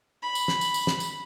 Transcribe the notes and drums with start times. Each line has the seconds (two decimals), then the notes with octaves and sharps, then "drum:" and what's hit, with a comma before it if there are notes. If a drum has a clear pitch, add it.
0.22 B5
0.35 drum: tambourine
0.48 drum: snare
0.61 drum: tambourine
0.74 drum: tambourine
0.87 drum: snare
1.00 drum: tambourine